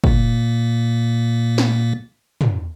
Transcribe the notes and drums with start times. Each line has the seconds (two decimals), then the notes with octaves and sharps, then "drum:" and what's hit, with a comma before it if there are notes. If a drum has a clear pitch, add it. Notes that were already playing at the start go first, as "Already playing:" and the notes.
0.04 A#2 A#3, drum: kick
1.58 drum: snare
2.41 drum: tom